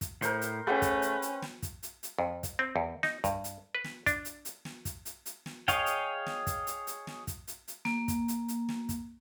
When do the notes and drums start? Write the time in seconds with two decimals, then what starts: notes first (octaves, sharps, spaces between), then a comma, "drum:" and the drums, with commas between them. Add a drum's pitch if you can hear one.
0.01 drum: kick, hi-hat
0.22 A2 A#4 C5 G6, drum: hi-hat
0.41 drum: hi-hat
0.67 A3 C#4 G#4 A4 B4 C5 F#5 G5
0.82 drum: kick, hi-hat
1.02 drum: hi-hat
1.22 drum: hi-hat
1.42 drum: snare
1.62 drum: kick, hi-hat
1.83 drum: hi-hat
2.03 drum: hi-hat
2.19 F2
2.43 drum: kick, hi-hat
2.59 C4
2.76 E2
3.03 D#4, drum: snare
3.24 G2, drum: kick, hi-hat
3.44 drum: hi-hat
3.75 B4
3.84 drum: snare
4.06 D4, drum: kick, hi-hat
4.25 drum: hi-hat
4.45 drum: hi-hat
4.65 drum: snare
4.85 drum: kick, hi-hat
5.05 drum: hi-hat
5.26 drum: hi-hat
5.46 drum: snare
5.68 G#4 C#5 D#5 F5 G5, drum: kick, hi-hat
5.86 drum: hi-hat
6.26 drum: snare
6.47 drum: kick, hi-hat
6.67 drum: hi-hat
6.87 drum: hi-hat
7.07 drum: snare
7.27 drum: kick, hi-hat
7.48 drum: hi-hat
7.68 drum: hi-hat
7.85 A#3, drum: snare
8.08 drum: kick, hi-hat
8.28 drum: hi-hat
8.48 drum: hi-hat
8.69 drum: snare
8.89 drum: kick, hi-hat